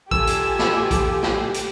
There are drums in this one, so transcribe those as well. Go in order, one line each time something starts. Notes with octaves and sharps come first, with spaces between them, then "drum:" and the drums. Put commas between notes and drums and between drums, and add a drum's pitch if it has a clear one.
F4 G4 A4 G#5 E6, drum: kick A1
drum: hi-hat
drum: snare
drum: kick A1, hi-hat
drum: snare
drum: hi-hat